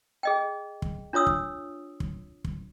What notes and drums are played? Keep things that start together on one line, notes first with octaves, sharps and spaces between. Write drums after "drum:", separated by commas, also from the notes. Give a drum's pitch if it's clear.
G#4 D#5 G5
drum: kick
D4 F4 C#5 D#6 E6
drum: kick
drum: kick
drum: kick